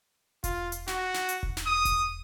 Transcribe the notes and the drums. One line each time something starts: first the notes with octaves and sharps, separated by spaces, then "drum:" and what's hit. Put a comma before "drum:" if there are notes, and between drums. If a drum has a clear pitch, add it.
F4, drum: kick E1, hi-hat
drum: hi-hat
F#4, drum: snare
drum: snare
drum: hi-hat
drum: kick E1
drum: snare
D#6
drum: kick E1, hi-hat